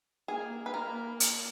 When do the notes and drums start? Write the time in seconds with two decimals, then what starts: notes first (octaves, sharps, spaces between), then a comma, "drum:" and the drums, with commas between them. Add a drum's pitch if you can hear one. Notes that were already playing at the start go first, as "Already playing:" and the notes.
0.28 A#3 G#4
0.66 B4
0.74 A#3 A#4
1.20 drum: hi-hat